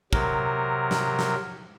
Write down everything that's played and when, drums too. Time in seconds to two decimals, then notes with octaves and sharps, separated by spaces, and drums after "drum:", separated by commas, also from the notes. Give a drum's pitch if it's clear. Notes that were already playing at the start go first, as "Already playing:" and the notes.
0.13 C3 F#3 A#4, drum: kick
0.91 drum: snare
1.19 drum: snare